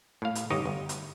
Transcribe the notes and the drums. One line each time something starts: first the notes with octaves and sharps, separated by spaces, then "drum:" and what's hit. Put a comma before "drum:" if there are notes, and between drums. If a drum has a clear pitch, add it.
A2 F5
drum: hi-hat
G1 D#4 G4 C#5 D#5
G1
drum: hi-hat